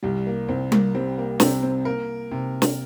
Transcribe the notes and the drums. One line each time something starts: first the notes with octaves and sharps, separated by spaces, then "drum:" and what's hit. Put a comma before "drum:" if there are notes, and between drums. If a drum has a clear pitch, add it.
C2 G3
A#3
C2 C4
A#3, drum: tom G3
G3 C4
A#3
C3 C4, drum: snare
C4
A#3 A#4
C3
drum: snare